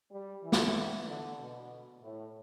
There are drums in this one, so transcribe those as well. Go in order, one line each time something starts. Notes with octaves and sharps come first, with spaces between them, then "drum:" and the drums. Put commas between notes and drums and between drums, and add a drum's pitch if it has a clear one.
G3
E3
drum: snare
D3
B2
A2